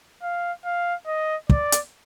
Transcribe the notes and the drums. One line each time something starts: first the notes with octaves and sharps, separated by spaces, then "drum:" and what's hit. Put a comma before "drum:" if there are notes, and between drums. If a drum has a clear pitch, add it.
F5
F5
D#5
D5, drum: kick
drum: hi-hat